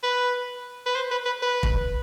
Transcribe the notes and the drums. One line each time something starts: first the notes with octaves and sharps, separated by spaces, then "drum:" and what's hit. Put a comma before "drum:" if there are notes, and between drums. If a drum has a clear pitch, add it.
B4
B4
C5
B4
B4
B4
drum: kick